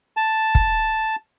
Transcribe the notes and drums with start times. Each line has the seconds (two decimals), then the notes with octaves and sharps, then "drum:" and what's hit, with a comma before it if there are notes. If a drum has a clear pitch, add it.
0.17 A5
0.55 drum: kick